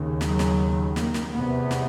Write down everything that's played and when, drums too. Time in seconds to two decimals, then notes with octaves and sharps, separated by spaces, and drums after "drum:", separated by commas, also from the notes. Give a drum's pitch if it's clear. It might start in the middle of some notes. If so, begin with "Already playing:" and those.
Already playing: D#2 C#3
0.21 F#3, drum: snare
0.39 drum: snare
0.96 A#3, drum: snare
1.14 drum: snare
1.32 E2 C3 B3
1.71 drum: snare